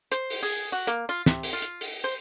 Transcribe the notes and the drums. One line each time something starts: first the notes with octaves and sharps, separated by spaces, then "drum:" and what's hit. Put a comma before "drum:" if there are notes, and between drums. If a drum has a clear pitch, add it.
C5, drum: hi-hat
drum: open hi-hat
G#4
F#4
A#3, drum: hi-hat
F4
C3, drum: snare
drum: open hi-hat
F4
drum: hi-hat
drum: open hi-hat
C5